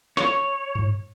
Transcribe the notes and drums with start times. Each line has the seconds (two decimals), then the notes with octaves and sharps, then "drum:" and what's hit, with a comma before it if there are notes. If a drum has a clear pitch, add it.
0.17 C#5, drum: snare
0.75 drum: tom G2